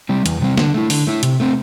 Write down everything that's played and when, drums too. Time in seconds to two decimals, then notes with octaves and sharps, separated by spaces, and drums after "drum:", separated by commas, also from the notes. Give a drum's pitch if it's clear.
0.09 C3 G3 C4
0.26 E2, drum: hi-hat
0.41 C3 G3 C4
0.58 D3, drum: snare
0.74 A3 E4
0.90 D3, drum: open hi-hat
1.07 A3 E4
1.23 C3, drum: hi-hat
1.40 A3 C4